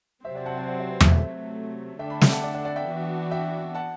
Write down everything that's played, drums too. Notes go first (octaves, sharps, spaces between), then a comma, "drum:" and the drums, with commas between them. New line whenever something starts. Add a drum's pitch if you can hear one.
C3 F#3 C4 C5 E5
D5 F#5
F#5 A5
F#5 A5
D5 F#5
C5 E5
B4
C5 E5, drum: tom E2
C3 F#3 A3 C5 E5
D3 A3 D4 A4 E5 G5
G5 B5
E5 G5, drum: snare
F#5 A5
D5 F#5
D5 F#5
D5 F#5
E5 G5
E3 B3 D4 F#4
E5 G5
F#5 A5